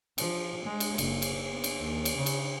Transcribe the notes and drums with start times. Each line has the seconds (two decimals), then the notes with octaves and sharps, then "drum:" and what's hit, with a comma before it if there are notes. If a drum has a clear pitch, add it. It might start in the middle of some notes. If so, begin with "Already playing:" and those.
0.18 F3, drum: cymbal
0.64 G#3
0.80 drum: cymbal
0.98 F#1, drum: cymbal
1.22 drum: cymbal
1.50 B3
1.64 drum: cymbal
1.79 D#2
2.05 drum: cymbal
2.17 C#3
2.26 drum: cymbal